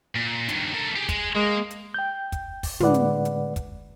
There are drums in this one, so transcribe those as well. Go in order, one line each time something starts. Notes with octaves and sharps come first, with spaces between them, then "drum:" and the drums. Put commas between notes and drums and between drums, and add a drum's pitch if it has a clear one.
A#2
G2 D#3, drum: hi-hat
A3 A#4
G4 G#4
G#3, drum: kick, hi-hat
G#3 A#3
drum: hi-hat
G5 G6
drum: kick, hi-hat
drum: kick, open hi-hat
A2 D3 G#3 B4 D5 F#5, drum: tom
drum: hi-hat
drum: hi-hat
drum: kick, hi-hat